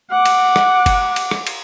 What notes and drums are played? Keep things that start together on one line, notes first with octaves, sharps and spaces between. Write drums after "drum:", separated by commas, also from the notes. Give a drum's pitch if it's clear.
F#5 D6
drum: cymbal
drum: rim click
drum: kick F#1, cymbal
drum: cymbal
drum: rim click
drum: cymbal